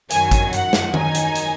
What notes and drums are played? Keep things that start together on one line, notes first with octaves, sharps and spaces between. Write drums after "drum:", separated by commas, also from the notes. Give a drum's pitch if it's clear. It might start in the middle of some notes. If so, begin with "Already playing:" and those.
F#2 D#3 F#3 G#5, drum: hi-hat
drum: kick G#1, hi-hat
F#5, drum: hi-hat
drum: snare
D#3 F#3 D#4 G#5, drum: tom D#3
drum: hi-hat
drum: hi-hat